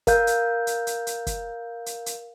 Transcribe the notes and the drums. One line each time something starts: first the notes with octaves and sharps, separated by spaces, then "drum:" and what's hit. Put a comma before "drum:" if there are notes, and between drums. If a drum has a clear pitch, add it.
A#4 F5 G6, drum: kick, hi-hat
drum: hi-hat
drum: hi-hat
drum: hi-hat
drum: hi-hat
drum: kick, hi-hat
drum: hi-hat
drum: hi-hat